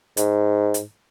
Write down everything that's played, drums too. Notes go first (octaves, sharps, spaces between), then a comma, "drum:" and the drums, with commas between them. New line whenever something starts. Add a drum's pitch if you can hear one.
G#2, drum: hi-hat
drum: hi-hat